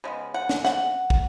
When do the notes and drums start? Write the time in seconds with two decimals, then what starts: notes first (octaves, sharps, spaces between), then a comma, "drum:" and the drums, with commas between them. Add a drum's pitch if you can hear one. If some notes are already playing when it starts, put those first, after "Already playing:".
0.04 C#3 G#3 B3
0.34 F#5
0.49 drum: snare
0.65 F#5, drum: snare
1.10 drum: kick